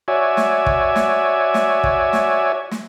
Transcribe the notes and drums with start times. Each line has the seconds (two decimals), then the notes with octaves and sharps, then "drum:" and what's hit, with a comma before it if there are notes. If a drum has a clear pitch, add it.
0.08 F#4 C#5 D5 E5 G#5
0.37 drum: snare
0.66 drum: kick
0.96 drum: snare
1.54 drum: snare
1.84 drum: kick
2.13 drum: snare
2.71 drum: snare